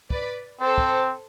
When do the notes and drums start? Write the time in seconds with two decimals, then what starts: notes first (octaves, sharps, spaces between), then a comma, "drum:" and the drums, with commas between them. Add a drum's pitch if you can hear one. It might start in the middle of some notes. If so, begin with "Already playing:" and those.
0.10 B4 D5, drum: kick
0.61 C4 A4 C5
0.78 drum: kick